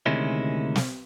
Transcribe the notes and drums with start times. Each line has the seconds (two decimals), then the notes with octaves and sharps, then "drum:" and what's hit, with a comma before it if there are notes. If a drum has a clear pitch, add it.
0.06 D2 C3 D#3 G#3 C#4 E4
0.76 drum: snare